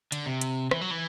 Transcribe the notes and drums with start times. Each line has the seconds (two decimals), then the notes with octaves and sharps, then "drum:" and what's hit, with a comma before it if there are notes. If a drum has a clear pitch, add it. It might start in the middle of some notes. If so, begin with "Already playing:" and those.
0.12 D3, drum: hi-hat
0.26 C3
0.41 drum: hi-hat
0.71 E3, drum: rim click
0.81 F#3
0.91 E3